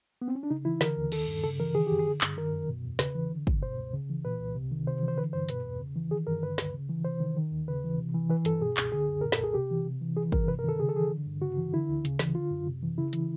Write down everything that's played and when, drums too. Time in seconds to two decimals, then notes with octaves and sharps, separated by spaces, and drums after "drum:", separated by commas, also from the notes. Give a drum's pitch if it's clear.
0.22 B3
0.28 C4
0.35 C#4
0.43 D4
0.50 C#3 D#4
0.65 E3 E4
0.81 D3 A#4, drum: snare
0.97 D#2
1.12 D#3 A4, drum: cymbal
1.27 G2
1.43 C#3 A4
1.60 E3 A#4
1.75 D#3 G#4
1.87 F#2 G4
1.99 G#4
2.05 D3
2.21 G2, drum: clap
2.37 D#3 A#4
2.52 F#2
2.69 B2
2.85 E2
2.99 C#3 B4, drum: snare
3.15 E3
3.30 D3
3.47 G2, drum: kick
3.61 B2 C5
3.78 C#2
3.93 C#3
4.09 E3
4.25 A#2 B4
4.40 C2
4.55 C3
4.71 D#3
4.87 C3 C5
5.03 E3
5.08 C5
5.17 D3 B4
5.33 G2 C5
5.49 B2 B4, drum: hi-hat
5.65 E2
5.80 C#3
5.96 E3
6.11 D#3 G#4
6.27 G2 A#4
6.42 D3 B4
6.58 D2, drum: snare
6.74 C#3
6.89 E3
7.05 C3 C5
7.20 D#3
7.36 D#3
7.51 D#2
7.68 C#3 B4
7.84 E3
7.98 C3
8.14 E3
8.29 E3 B4
8.45 G2 A4, drum: hi-hat
8.61 B2 G#4
8.77 C#2, drum: clap
8.92 D3 G#4
9.09 F#2
9.21 A#2 A#4
9.32 A4, drum: snare
9.40 C2 G#4
9.54 C3 G4
9.71 E3
9.86 C3
10.01 E3
10.17 E3 G#4
10.32 G2 A#4, drum: kick
10.48 C3 B4
10.59 A#4
10.64 D#3 A4
10.79 C#3 G#4
10.89 A4
10.95 E3 G#4
11.11 D3
11.26 G2
11.42 C#3 F#4
11.57 E3
11.72 D3 E4
11.89 D2
12.05 C#3, drum: hi-hat
12.19 E3, drum: snare
12.35 D3 F4
12.51 F#2
12.67 C3
12.83 E3
12.98 C#3 E4
13.13 E3, drum: hi-hat